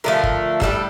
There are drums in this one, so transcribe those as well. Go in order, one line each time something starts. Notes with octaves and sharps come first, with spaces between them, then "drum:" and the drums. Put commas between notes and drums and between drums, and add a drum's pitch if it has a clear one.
D3 F3 A3 A#4
drum: kick
A2 G3 D4 A4, drum: kick